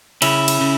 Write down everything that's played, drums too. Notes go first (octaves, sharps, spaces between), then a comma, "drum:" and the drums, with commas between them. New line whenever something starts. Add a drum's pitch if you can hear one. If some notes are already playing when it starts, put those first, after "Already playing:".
C#3 C#4 E4, drum: cymbal
drum: cymbal
C#3